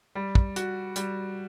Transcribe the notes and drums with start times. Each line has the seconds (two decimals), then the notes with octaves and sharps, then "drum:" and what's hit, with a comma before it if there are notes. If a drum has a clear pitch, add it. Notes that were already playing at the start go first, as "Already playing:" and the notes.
0.15 G3
0.35 drum: kick
0.56 F#4, drum: hi-hat
0.96 G3, drum: hi-hat